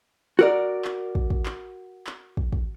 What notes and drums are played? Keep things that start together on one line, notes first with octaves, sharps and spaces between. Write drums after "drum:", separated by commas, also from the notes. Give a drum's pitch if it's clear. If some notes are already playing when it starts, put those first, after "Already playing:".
F#4 A#4 D5
drum: clap
drum: kick
drum: kick
drum: clap
drum: clap
drum: kick
drum: kick